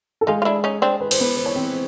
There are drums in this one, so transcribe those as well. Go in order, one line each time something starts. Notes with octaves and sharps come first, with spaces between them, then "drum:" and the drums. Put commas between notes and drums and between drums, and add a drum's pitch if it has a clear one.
A4
G#3 D#4 F4 G#4
F4
D4 E4
C#4 D#4
C4 D4
B4
C5, drum: cymbal
B3 B4
C5
C#5
C4 C5